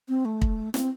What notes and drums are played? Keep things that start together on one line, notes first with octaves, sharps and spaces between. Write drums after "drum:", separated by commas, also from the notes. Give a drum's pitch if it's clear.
C4
A3
drum: kick
C4, drum: snare